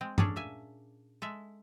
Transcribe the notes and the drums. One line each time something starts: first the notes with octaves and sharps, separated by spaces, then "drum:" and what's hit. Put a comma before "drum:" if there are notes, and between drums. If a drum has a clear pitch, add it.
G#3 C4
C#4 D4 G#4 A4 C#5, drum: tom G2
A#2 E5 G#5
G#3 A4 E5